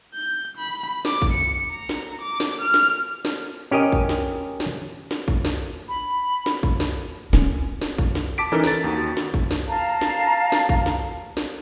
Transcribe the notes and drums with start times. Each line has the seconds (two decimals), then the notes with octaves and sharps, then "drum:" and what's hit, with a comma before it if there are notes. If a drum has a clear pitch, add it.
0.14 G6
0.57 B5
1.05 D6, drum: snare
1.22 drum: kick A1
1.33 C#7
1.71 A#5
1.89 drum: snare
2.21 D6
2.40 drum: snare
2.61 F6
2.74 drum: snare
3.25 drum: snare
3.71 C#4 G4 A#4 D#5
3.92 drum: kick A1
4.09 drum: snare
4.60 drum: snare
5.11 drum: snare
5.28 drum: kick A1
5.45 drum: snare
5.89 B5
6.46 drum: snare
6.63 drum: kick A1
6.80 drum: snare
7.33 C#4, drum: snare
7.82 drum: snare
7.98 drum: kick A1
8.15 drum: snare
8.38 A5 D6 B6 D7
8.52 E3 C#4 D#4 A4 A#4
8.64 A#5 A6, drum: snare
8.84 D#2 F#4
9.17 drum: snare
9.34 drum: kick A1
9.51 drum: snare
9.68 F5 A5 A#5
10.01 drum: snare
10.52 drum: snare
10.69 drum: kick A1
10.86 drum: snare
11.37 drum: snare